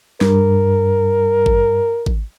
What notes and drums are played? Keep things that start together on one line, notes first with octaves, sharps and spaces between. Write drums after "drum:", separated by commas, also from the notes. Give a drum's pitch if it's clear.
G2 A#4, drum: snare
drum: kick G#1
drum: kick G#1